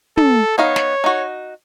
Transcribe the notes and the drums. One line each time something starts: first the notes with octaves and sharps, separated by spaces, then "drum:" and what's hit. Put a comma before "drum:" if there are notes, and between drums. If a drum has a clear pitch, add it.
A4, drum: tom
B3 D#4 C#5 F5
drum: snare
D#4 F#4